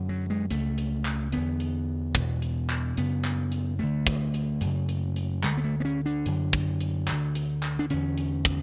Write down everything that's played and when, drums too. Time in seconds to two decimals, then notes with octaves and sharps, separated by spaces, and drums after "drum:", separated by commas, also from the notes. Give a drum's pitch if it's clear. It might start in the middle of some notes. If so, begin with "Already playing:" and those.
Already playing: F#2 D3
0.09 F#3
0.30 G#3
0.50 C#2 C#3 A3, drum: hi-hat
0.78 drum: hi-hat
1.05 drum: clap
1.32 E2 D3 B3, drum: hi-hat
1.60 drum: hi-hat
2.15 E2 B2, drum: kick, hi-hat
2.42 drum: hi-hat
2.70 drum: clap
2.97 F#2 C#3 B3, drum: hi-hat
3.24 drum: clap
3.52 drum: hi-hat
3.79 D2 D3 A3
4.07 drum: kick, hi-hat
4.34 drum: hi-hat
4.61 F#2 C#3, drum: hi-hat
4.89 drum: hi-hat
5.16 drum: hi-hat
5.43 D2 D3 G#3, drum: clap
5.57 B3
5.64 A3
5.80 B3
5.85 C#4
6.06 D4
6.26 F#2 D3, drum: hi-hat
6.53 drum: kick, hi-hat
6.81 drum: hi-hat
7.08 D2 D3, drum: clap
7.35 drum: hi-hat
7.63 drum: clap
7.79 D4
7.90 E2 D3 C#4, drum: hi-hat
8.18 drum: hi-hat
8.45 drum: kick, hi-hat